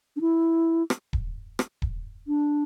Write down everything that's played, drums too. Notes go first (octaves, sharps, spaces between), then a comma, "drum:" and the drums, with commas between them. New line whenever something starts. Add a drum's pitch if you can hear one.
D4
E4
drum: rim click
drum: kick D#1
drum: rim click
drum: kick D#1
D4